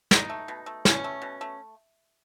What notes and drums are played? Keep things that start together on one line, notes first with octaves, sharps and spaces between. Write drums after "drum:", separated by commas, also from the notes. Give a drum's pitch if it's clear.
B2 D#4, drum: snare
A3
B2
A3
B2 C#4, drum: snare
A3
B2
A3